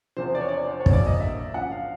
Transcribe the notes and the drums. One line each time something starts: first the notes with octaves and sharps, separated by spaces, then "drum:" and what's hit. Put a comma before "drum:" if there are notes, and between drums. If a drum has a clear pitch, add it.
E1 E2 C3 F3 C5
D5
C#5
D5
C5
C#5
A#1 A2 F#3 A#3, drum: kick
D5
D#5
E5
F#2 C#3 F3 F#5
F5